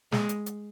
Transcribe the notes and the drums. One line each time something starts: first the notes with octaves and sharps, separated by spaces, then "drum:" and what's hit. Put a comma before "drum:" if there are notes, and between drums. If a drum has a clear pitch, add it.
G#3, drum: snare
drum: hi-hat
drum: hi-hat